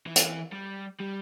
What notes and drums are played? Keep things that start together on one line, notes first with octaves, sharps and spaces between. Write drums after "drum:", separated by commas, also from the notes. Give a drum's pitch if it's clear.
E3
drum: hi-hat
G3
G3